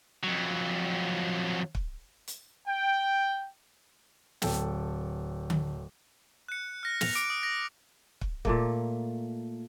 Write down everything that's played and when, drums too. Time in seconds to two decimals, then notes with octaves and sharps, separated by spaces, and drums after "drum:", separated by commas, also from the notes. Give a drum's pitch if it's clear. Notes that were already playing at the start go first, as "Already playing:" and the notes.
0.23 F2 F#3
1.75 drum: kick
2.28 drum: hi-hat
2.68 G5
4.42 D1 A4 G5, drum: snare
5.50 drum: tom D3
6.48 F#6 C#7
6.83 F6 A#6
7.01 A#6 F7, drum: snare
7.15 D6 D7, drum: hi-hat
7.30 D#6
7.43 A#6
8.21 drum: kick
8.45 A#2 A3 A#3, drum: kick